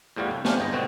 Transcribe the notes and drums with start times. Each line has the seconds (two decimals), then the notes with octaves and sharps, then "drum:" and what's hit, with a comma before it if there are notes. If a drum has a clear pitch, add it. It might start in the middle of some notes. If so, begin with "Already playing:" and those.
0.16 E2 A2 G3 F4 F#4
0.31 C2
0.45 A3 C#4 D4 G4 C5 F5, drum: snare
0.58 G1 E2 D#5
0.73 B2 D3 C4 F#4